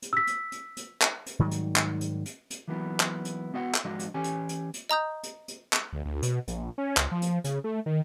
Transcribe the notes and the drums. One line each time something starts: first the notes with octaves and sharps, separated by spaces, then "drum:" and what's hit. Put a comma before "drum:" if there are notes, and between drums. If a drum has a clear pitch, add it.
drum: hi-hat
E6 B6
drum: hi-hat
drum: hi-hat
drum: hi-hat
drum: clap
drum: hi-hat
G#2 D#3 F#3 G3
drum: hi-hat
drum: clap
drum: hi-hat
drum: hi-hat
drum: hi-hat
E3 F#3 A#3 B3 E4
drum: clap
drum: hi-hat
B3 F#4 D#5 E5 F#5
drum: clap
G#2 F3 D4 F#4 D#5
drum: hi-hat
E3 C#4 G4 C#5 G#5
drum: hi-hat
drum: hi-hat
drum: hi-hat
D#5 A#5 D#6 G6
drum: hi-hat
drum: hi-hat
drum: clap
D2
D2
B2, drum: hi-hat
A#1, drum: hi-hat
C#4
C#2, drum: clap
F3
drum: hi-hat
C#3, drum: hi-hat
A3
D#3